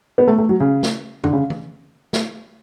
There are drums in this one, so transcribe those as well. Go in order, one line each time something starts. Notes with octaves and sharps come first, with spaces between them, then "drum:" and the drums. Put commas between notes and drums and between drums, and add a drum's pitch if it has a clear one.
B3
A3
A3
F#3
C#3
drum: snare
D3, drum: tom F2
C#3
drum: tom
drum: snare